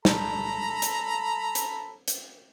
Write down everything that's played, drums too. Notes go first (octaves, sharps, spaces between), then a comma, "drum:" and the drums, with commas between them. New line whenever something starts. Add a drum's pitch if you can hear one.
A4 A#5 B5, drum: snare
drum: hi-hat
drum: hi-hat
drum: hi-hat